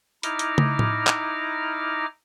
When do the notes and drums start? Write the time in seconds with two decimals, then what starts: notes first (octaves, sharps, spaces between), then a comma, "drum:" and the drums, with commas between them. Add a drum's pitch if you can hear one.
0.23 D#4 E4 A#5 D6 F6, drum: hi-hat
0.39 drum: hi-hat
0.58 drum: tom
0.79 drum: tom A2
1.07 drum: clap